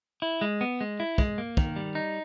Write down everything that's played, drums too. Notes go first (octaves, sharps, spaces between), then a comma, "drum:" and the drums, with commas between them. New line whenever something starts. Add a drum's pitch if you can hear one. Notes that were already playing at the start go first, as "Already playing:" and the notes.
E4
G#3
B3
G#3
E4
G#3, drum: kick
A#3
D#3, drum: kick
G3
D#4